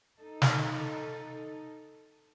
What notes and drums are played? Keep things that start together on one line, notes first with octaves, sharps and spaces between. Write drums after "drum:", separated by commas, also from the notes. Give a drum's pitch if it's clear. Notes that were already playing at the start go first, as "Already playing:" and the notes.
D#4 A4
drum: snare